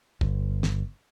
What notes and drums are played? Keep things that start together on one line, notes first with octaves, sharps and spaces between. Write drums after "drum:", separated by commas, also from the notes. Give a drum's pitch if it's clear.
G1, drum: kick
drum: snare